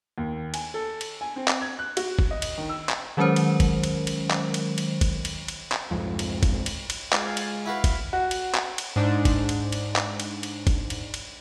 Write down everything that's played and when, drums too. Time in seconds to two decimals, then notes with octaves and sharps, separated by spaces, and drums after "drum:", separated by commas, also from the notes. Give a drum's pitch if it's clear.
0.18 D#2
0.54 G#5, drum: cymbal
0.74 A4
1.01 drum: cymbal
1.21 G#5
1.36 C4
1.48 drum: clap
1.61 G#6
1.79 F#6
1.97 F#4, drum: cymbal
2.19 drum: kick
2.31 D#5
2.42 drum: cymbal
2.58 D#3
2.69 E6
2.89 drum: clap
3.17 D#3 F#3 G#3 C#4 A#4 C5
3.36 drum: cymbal
3.60 drum: kick, cymbal
3.84 drum: cymbal
4.07 drum: cymbal
4.31 drum: clap
4.54 drum: cymbal
4.78 drum: cymbal
5.01 drum: kick, cymbal
5.25 drum: cymbal
5.48 drum: cymbal
5.72 drum: clap
5.91 C2 F2 G#2 F3
6.19 drum: cymbal
6.43 drum: kick, cymbal
6.66 drum: cymbal
6.90 drum: cymbal
7.13 G#3 F4 F5 G#5, drum: clap
7.37 drum: cymbal
7.66 E4 F#4 B4 F5 B5
7.84 drum: kick, cymbal
8.13 F#4
8.31 drum: cymbal
8.55 drum: clap
8.78 drum: cymbal
8.96 G#2 D4
9.25 drum: kick, cymbal
9.49 drum: cymbal
9.72 drum: cymbal
9.96 drum: clap
10.20 drum: cymbal
10.43 drum: cymbal
10.67 drum: kick, cymbal
10.90 drum: cymbal
11.14 drum: cymbal